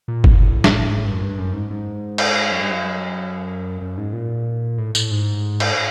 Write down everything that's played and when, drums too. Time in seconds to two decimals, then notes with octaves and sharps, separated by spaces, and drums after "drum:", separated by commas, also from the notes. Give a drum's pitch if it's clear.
0.08 A#2
0.24 A2, drum: kick
0.64 drum: snare
0.89 G#2
0.98 A2
1.05 G2
1.13 F#2
1.22 G2
1.38 F#2
1.53 G#2
1.70 G#2
2.18 drum: cymbal
2.51 F#2
2.62 G2
2.71 F#2
3.82 F#2
3.98 G#2
4.13 A#2
4.78 A2
4.95 A2, drum: tambourine
5.11 G#2
5.60 drum: cymbal